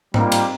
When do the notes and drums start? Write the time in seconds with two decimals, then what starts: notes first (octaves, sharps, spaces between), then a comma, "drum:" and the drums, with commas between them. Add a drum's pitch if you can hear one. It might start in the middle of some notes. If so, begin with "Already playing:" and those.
0.14 G3 A#3 C4 D#4 F4 A#4, drum: tom G#2
0.32 drum: cymbal